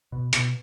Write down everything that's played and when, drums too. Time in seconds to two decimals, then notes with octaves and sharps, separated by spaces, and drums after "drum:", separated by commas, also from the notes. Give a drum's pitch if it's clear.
0.12 B2
0.33 B2, drum: hi-hat